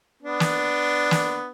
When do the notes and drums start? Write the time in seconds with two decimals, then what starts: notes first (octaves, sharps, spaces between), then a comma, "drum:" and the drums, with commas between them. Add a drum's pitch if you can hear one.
0.22 B3 D4
0.40 drum: snare
1.11 drum: snare